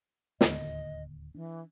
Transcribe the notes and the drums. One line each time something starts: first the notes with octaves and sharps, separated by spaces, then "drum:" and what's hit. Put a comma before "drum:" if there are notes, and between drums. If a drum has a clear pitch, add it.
D1 D#2 D3 D#5, drum: snare
E3 D4